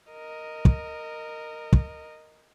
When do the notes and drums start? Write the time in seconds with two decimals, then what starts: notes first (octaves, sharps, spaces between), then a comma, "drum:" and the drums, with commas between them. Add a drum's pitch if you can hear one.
0.11 A#4 D#5
0.65 drum: kick
1.73 drum: kick